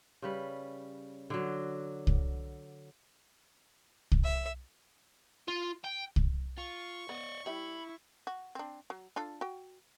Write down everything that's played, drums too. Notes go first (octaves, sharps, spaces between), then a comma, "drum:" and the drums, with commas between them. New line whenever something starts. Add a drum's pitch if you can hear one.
C#3 G3 B4
D3 F#3
drum: kick C2
drum: kick C2
E5
F4
G5
drum: kick C2
F4 C#6
B3 D5 D#5
G3 E4 E5 B5
F#4
C4 D4
F#3
D4 F4 A4
F#4 G5